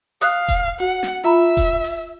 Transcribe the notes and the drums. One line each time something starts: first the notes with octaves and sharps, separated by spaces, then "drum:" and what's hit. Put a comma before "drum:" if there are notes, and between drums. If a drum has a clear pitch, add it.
F5 D#6 F#6, drum: hi-hat
drum: kick E1, hi-hat
F#4 F#5
drum: snare
F4 E5 A#5 B5
drum: kick E1, hi-hat
drum: open hi-hat